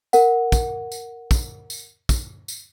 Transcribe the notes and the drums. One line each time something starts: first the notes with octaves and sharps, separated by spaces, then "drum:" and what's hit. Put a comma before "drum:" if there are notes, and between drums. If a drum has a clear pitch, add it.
A#4 F#5, drum: tambourine
drum: kick, tambourine
drum: tambourine
drum: kick, tambourine
drum: tambourine
drum: kick, tambourine
drum: tambourine